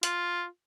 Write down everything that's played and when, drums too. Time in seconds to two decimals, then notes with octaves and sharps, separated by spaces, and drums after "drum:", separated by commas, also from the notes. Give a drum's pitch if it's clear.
0.03 F4, drum: hi-hat